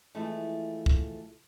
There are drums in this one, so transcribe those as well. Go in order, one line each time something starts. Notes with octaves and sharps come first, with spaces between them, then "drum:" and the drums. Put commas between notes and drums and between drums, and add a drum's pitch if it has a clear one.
E3 F3 G#3 A3
drum: kick